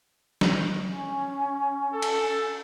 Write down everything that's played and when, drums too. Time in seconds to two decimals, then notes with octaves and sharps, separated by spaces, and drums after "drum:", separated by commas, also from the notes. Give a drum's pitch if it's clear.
0.41 drum: snare
0.85 C#4
1.92 A4
2.02 drum: cymbal